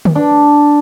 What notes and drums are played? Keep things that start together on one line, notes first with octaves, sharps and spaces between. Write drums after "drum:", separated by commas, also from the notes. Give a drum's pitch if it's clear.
drum: tom D3
D4